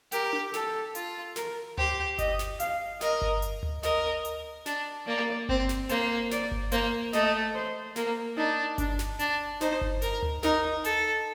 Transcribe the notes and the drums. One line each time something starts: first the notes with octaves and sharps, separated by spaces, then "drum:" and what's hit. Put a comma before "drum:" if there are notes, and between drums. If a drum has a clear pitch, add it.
G4 A#4, drum: hi-hat
drum: tom D4
A4, drum: snare
F4, drum: hi-hat
A#4, drum: snare
G4 C5, drum: tom D2
D#5, drum: kick G1, hi-hat
drum: snare
F5, drum: hi-hat
A#4 D#5, drum: snare
drum: kick G1
drum: hi-hat
drum: tom D2
A#4 D#5, drum: snare
drum: hi-hat
D4, drum: snare
A#3 D5
C4, drum: kick G1
drum: snare
A#3 C5, drum: hi-hat
D5, drum: snare
drum: kick G1
A#3 C5, drum: hi-hat
A3 D#5, drum: snare
C5
A#3 A#4, drum: snare
D4 D#4
D4, drum: kick G1, hi-hat
drum: snare
D4, drum: hi-hat
D#4 C5, drum: snare
drum: kick G1
A#4, drum: hi-hat
drum: tom D2
D#4 A#4, drum: snare
A4, drum: hi-hat